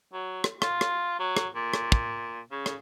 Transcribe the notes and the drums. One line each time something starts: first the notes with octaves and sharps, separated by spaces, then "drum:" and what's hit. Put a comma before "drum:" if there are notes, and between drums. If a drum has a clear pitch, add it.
F#3
drum: rim click
F4, drum: rim click
drum: rim click
F#3
drum: rim click
A#2
drum: rim click
drum: kick
C#3
drum: rim click